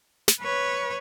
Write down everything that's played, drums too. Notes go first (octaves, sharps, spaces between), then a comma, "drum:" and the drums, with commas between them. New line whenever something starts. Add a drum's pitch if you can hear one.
drum: snare
B4 C#5